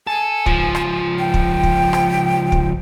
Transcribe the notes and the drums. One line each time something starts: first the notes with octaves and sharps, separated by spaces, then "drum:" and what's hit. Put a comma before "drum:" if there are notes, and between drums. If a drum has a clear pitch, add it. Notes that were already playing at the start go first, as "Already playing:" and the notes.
A4 G#5
C#2 F3, drum: kick
drum: rim click
G5
drum: kick
drum: kick
drum: rim click
drum: kick